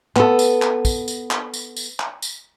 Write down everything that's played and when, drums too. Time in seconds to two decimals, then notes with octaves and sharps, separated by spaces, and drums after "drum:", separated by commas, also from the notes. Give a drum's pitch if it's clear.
0.16 B3 A4, drum: clap
0.39 drum: tambourine
0.62 drum: clap
0.85 drum: kick, tambourine
1.08 drum: tambourine
1.31 drum: clap
1.54 drum: tambourine
1.77 drum: tambourine
1.99 drum: clap
2.22 drum: tambourine